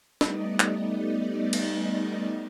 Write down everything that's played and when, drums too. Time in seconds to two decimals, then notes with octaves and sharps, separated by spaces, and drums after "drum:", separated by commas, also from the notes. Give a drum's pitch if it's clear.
0.21 G3 A3 B3 D#4 D5 D#5, drum: snare
0.60 drum: clap
1.53 drum: cymbal